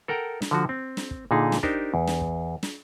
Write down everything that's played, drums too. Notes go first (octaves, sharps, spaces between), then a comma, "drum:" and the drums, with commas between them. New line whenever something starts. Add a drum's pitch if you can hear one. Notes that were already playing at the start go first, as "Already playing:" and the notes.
A4 A#4 F#5 G5 A#5
drum: snare
D3 F3 F#4
C4
drum: snare
drum: kick
A#2 D3 D#4 G#4
drum: snare
D4 D#4 G4 A#4 C5, drum: kick
E2
drum: snare
drum: kick
drum: snare